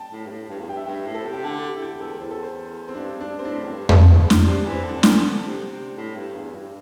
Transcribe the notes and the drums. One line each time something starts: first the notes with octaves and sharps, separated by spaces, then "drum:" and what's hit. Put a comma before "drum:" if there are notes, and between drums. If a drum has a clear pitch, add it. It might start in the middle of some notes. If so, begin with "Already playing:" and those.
Already playing: G5 A5
A2
G2
A2
G2
E2
G2 G5
E5
G2 G5
E5
A2
A4
C5
C3
G4
D3 A4
G4
E4
G4
E2
A4
E2 C5
A4
C5
C4
G2 D4
G2 D4
C4
A2 D4
E2
G2
G2, drum: tom F2
E2
drum: snare
C3 D4
E3
C4
D3
D4
E3, drum: snare
D3
C3
C3
A2
G2
E2
G2